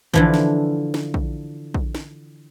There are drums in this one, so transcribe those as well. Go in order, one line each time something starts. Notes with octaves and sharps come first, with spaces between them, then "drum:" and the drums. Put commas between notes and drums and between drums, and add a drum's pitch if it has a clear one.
D3 E3 F3, drum: kick A#1
drum: snare
drum: snare
drum: kick A#1
drum: kick A#1
drum: snare